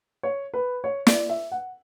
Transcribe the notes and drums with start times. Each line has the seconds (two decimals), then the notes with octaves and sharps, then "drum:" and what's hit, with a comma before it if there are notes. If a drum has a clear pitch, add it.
0.23 C#5
0.54 B4
0.84 C#5
1.07 D5, drum: snare
1.29 E5
1.52 F#5